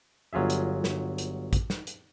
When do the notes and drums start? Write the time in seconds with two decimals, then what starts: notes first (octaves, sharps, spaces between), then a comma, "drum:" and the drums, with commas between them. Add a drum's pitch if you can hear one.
0.33 G1 F#3 F4 G#4 E5
0.50 drum: hi-hat
0.84 drum: snare
1.18 drum: hi-hat
1.53 drum: kick, hi-hat
1.70 drum: snare
1.87 drum: hi-hat